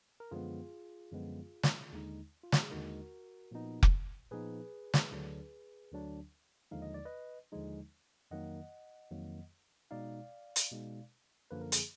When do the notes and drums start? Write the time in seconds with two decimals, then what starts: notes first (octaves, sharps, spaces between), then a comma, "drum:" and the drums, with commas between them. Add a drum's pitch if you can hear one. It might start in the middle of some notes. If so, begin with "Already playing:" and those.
0.20 A#4
0.31 F#2 D3 F3 G#3 B3 F4 G#4
1.11 F#2 D3 F3 G#3 B3
1.63 drum: snare
1.92 D#2 D3 G#3 D#4
2.44 F4
2.52 F#4, drum: snare
2.63 G#4
2.71 D#2 D3 G#3 D#4 F#4 A#4
3.51 A#2 F3 B3 D#4
3.83 drum: kick F1
4.31 A#2 F3 B3 D#4 G#4 B4
4.94 drum: snare
5.12 D2 D3 F#3 D4
5.92 D2 D3 F#3 D4
6.71 D#2 D3 F3 G#3 D#4 F5
6.82 D#5
6.94 D5
7.05 B4 D#5
7.52 D#2 D3 F3 G#3 D#4
8.31 F2 D#3 F#3 A#3 D#5 F#5
9.11 F2 D#3 F#3 A#3
9.91 B2 G#3 D#4 D5 F5
10.56 drum: hi-hat
10.72 B2 G#3 D#4
11.51 F#2 D3 F3 A#3 B4
11.61 A#4
11.72 G#4, drum: hi-hat